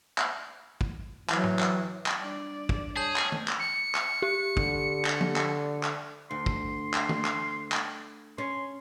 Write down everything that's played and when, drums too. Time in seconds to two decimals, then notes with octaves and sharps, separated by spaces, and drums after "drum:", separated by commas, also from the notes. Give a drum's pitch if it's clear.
0.18 drum: clap
0.81 drum: kick
1.29 E3 F#3, drum: clap
1.44 drum: tom G#2
1.59 drum: clap
2.06 drum: clap
2.21 G3 D4 D5
2.69 drum: kick
2.96 G#4 C#5 A5 G6 F#7
3.16 drum: clap
3.32 drum: tom D#3
3.48 drum: clap
3.59 C#7
3.95 drum: clap
4.22 G4
4.57 D3, drum: kick
5.05 drum: clap
5.21 drum: tom F3
5.36 drum: clap
5.83 drum: clap
6.31 D2 C6
6.46 drum: kick
6.93 drum: clap
7.09 drum: tom D#3
7.25 drum: clap
7.72 drum: clap
8.38 C#4 C6